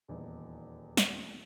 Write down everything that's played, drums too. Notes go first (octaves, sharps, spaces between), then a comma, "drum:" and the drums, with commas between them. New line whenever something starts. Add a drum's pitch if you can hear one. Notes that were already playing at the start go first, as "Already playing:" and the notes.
D#1 E2 D#4
drum: snare